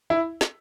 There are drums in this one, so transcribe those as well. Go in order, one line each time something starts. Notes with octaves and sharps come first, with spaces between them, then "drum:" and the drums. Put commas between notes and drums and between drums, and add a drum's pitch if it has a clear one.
E4
drum: snare